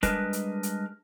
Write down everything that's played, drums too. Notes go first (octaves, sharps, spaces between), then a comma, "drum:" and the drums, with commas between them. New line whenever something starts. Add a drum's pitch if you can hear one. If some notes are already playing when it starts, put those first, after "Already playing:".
G3 G#3 D4 A#4 B4 D#5, drum: kick, hi-hat
drum: hi-hat
drum: hi-hat